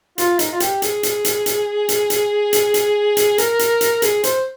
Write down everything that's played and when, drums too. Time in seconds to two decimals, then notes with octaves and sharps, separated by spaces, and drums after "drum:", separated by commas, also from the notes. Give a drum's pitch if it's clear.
0.18 F4, drum: hi-hat
0.39 D#4, drum: hi-hat
0.52 F4
0.60 G4, drum: hi-hat
0.82 G#4, drum: hi-hat
1.03 drum: hi-hat
1.25 drum: hi-hat
1.46 drum: hi-hat
1.89 drum: hi-hat
2.10 drum: hi-hat
2.53 drum: hi-hat
2.74 drum: hi-hat
3.17 drum: hi-hat
3.38 A#4, drum: hi-hat
3.59 drum: hi-hat
3.81 drum: hi-hat
4.02 G#4, drum: hi-hat
4.24 C5, drum: hi-hat